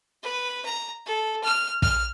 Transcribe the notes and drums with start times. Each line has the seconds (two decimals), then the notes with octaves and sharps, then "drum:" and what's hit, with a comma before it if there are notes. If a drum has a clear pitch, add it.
0.23 B4
0.65 A#5
1.06 A4
1.43 F6
1.82 F6, drum: kick